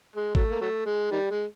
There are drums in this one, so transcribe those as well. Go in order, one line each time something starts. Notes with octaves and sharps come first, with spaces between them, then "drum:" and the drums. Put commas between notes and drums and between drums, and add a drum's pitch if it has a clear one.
G#3
F#3 A3, drum: kick
A#3
F#3 A3
G#3
D#3 G3
G#3